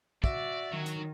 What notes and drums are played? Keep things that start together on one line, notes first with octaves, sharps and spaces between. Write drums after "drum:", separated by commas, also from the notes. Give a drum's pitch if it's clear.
F#4 D5 E5, drum: kick
D#3 F#3
drum: hi-hat